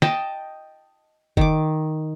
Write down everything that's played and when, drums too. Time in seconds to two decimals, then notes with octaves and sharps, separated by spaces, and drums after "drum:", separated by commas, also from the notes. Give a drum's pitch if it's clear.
0.02 D#5 G5 A5, drum: snare
1.37 D#3 D6, drum: kick F1